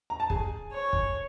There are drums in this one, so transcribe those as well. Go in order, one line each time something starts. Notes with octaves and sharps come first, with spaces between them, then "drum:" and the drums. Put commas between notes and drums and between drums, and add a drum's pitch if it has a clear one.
A#5
A5
G#4 G#5, drum: kick
C#5
drum: kick